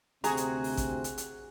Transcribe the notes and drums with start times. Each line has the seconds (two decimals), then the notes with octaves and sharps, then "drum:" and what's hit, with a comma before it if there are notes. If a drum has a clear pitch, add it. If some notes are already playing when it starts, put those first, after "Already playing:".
0.24 D2 C3 C4 F#4 G#4 A#5, drum: hi-hat
0.37 drum: hi-hat
0.64 drum: open hi-hat
0.77 drum: kick A1, hi-hat
1.04 drum: hi-hat
1.18 drum: hi-hat